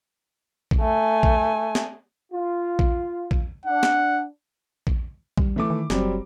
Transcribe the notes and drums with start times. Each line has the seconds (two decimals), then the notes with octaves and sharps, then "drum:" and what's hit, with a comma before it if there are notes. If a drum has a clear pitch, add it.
0.71 drum: kick A#1
0.81 A3 G#5
1.23 drum: kick A#1
1.75 drum: snare
2.32 F4
2.79 drum: kick A#1
3.31 drum: kick A#1
3.66 D4 F#5
3.83 drum: snare
4.87 drum: kick A#1
5.38 G3, drum: kick A#1
5.56 E3 A3 D6
5.70 D#3
5.90 F#1 F#3 G3 C4, drum: snare